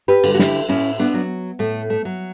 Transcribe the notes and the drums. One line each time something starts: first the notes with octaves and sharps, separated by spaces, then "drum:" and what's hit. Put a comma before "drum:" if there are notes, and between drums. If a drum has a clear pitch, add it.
G4 B4
D3 G3, drum: cymbal
F#4
E4 G4, drum: snare
A2 C#4 E4
B3 D4
F#3
A2 A3
A3
F#3